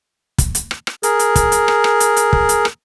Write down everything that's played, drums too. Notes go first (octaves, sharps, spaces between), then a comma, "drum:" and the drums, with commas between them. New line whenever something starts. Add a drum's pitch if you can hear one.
drum: kick, hi-hat
drum: hi-hat
drum: rim click
drum: rim click
G#4 A#4, drum: hi-hat
drum: hi-hat
drum: kick, hi-hat
drum: hi-hat
drum: rim click
drum: rim click
drum: hi-hat
drum: hi-hat
drum: kick
drum: hi-hat
drum: rim click